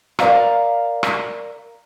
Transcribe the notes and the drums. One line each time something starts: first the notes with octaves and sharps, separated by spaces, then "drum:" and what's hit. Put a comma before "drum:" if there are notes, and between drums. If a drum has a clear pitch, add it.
A#4 D5 F5 A#5, drum: rim click
drum: rim click